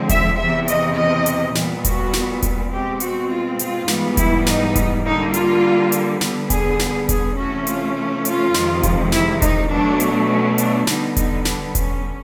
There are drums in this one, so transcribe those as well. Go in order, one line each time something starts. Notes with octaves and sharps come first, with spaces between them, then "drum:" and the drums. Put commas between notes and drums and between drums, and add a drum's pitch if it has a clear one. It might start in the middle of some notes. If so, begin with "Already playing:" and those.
Already playing: D3 F3 G#3 C4
E5, drum: kick E1, hi-hat
E2 C3 E3 E5
D#5, drum: hi-hat
D#5
drum: hi-hat
A#2 G3 B3, drum: snare
F#4, drum: kick E1, hi-hat
drum: snare
drum: kick E1, hi-hat
B2 G#3 C4 G4
F#4, drum: hi-hat
F4
F4, drum: hi-hat
G#2 E3 G3 B3, drum: snare
E4, drum: kick E1, hi-hat
D#4, drum: snare
drum: kick E1, hi-hat
D3 G3 A#3 D#4
F4, drum: hi-hat
drum: hi-hat
D3 G3 B3, drum: snare
G#4, drum: kick E1, hi-hat
drum: snare
G#4, drum: kick E1, hi-hat
C3 E3 A3 C#4 F#4
F4, drum: hi-hat
F4
F4, drum: hi-hat
F2 C3 D#3 G#3, drum: snare
drum: kick E1, hi-hat
E4, drum: snare
D#4, drum: kick E1, hi-hat
B2 F#3 A3 D4
drum: hi-hat
C#4
D4, drum: hi-hat
D3 G3 B3 D#4, drum: snare
D#4, drum: kick E1, hi-hat
D4, drum: snare
C#4, drum: kick E1, hi-hat